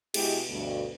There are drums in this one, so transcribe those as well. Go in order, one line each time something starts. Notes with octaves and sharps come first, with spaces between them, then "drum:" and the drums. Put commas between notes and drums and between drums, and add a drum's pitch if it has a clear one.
B2 G#3 E4 G4, drum: cymbal
D2 G2 B2